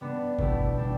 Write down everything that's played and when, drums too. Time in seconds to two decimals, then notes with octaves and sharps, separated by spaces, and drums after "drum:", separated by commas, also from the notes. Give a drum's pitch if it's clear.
0.01 G3 B3 D4
0.39 B2 A3 E4 G4, drum: kick G1
0.77 G3 D4 G4